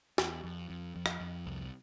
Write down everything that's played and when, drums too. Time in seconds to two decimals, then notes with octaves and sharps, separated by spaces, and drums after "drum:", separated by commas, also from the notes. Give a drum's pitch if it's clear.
0.18 E2, drum: snare
0.44 F2
0.70 F2
0.96 F2
1.06 drum: rim click
1.20 F2
1.46 C2